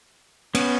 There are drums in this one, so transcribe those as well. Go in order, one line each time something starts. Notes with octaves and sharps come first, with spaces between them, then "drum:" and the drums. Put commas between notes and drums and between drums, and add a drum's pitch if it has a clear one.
B3 C#4, drum: cymbal